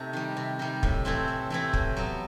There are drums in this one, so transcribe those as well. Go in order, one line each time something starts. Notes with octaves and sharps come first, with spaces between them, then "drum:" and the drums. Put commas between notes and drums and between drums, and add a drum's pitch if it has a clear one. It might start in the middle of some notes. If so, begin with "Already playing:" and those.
Already playing: C3 A3 D#4
D#3 G3
C3
D#3 G3
A2, drum: kick
E3 A3 C4 E4
A2
E3 A3 C4 E4
A2, drum: kick
F#3 B3